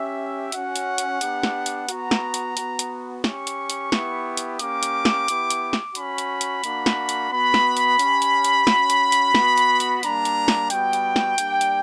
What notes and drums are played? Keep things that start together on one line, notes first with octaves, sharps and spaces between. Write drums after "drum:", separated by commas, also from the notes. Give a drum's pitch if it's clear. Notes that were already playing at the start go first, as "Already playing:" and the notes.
Already playing: C#4 G4 E5
C#4 F#4 F#5, drum: hi-hat
drum: hi-hat
drum: hi-hat
B3 D4 G4, drum: hi-hat
drum: snare
drum: hi-hat
B3 F#4 A#5, drum: hi-hat
drum: snare
drum: hi-hat
B3 F#4, drum: hi-hat
drum: hi-hat
C#4 G4 C#6, drum: snare
drum: hi-hat
drum: hi-hat
B3 E4 G4, drum: snare
drum: hi-hat
A#3 C#4 G4 D6, drum: hi-hat
drum: hi-hat
drum: snare
B3 E4 G4, drum: hi-hat
drum: hi-hat
drum: snare
C#4 F#4 B5, drum: hi-hat
drum: hi-hat
drum: hi-hat
A#3 D4 F#4, drum: hi-hat
drum: snare
drum: hi-hat
B3 F#4 B5
drum: snare
drum: hi-hat
C#4 G4, drum: hi-hat
drum: hi-hat
drum: hi-hat
C#4 F#4, drum: snare
drum: hi-hat
drum: hi-hat
B3 F#4, drum: snare
drum: hi-hat
drum: hi-hat
G3 A#3 D4 A#5, drum: hi-hat
drum: hi-hat
drum: snare
G3 B3 F#4 G5, drum: hi-hat
drum: hi-hat
drum: snare
G3 A#3 D4 G4, drum: hi-hat
drum: hi-hat